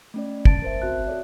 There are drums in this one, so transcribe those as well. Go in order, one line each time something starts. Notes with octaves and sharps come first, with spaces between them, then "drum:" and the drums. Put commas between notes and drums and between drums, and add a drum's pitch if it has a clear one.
A3 C#4 D5
A5 A6 D7, drum: kick
A#4 C5 E5
C4 F#4 E5 A5 F#6
A4 C#5 D5